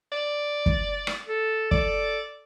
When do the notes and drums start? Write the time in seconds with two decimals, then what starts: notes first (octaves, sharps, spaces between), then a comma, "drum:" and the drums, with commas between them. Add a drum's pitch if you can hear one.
0.12 D5
0.66 drum: kick
1.07 drum: rim click
1.27 A4
1.71 A4 D5, drum: kick